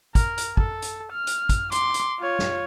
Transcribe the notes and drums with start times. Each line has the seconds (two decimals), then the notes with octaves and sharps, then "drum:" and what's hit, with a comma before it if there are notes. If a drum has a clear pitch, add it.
0.15 A#4, drum: kick, hi-hat
0.38 drum: hi-hat
0.57 A4, drum: kick
0.82 drum: hi-hat
1.13 F6
1.27 drum: hi-hat
1.49 drum: kick, hi-hat
1.72 C6 D6, drum: hi-hat
1.94 drum: hi-hat
2.20 F4 C#5
2.39 drum: snare